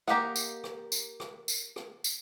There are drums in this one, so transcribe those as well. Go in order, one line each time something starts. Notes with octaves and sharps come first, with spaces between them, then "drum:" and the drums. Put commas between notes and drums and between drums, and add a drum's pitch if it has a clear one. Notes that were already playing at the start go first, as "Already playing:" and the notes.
A#3 G4 D#5 F5 F#5, drum: rim click
drum: tambourine
drum: rim click
drum: tambourine
drum: rim click
drum: tambourine
drum: rim click
drum: tambourine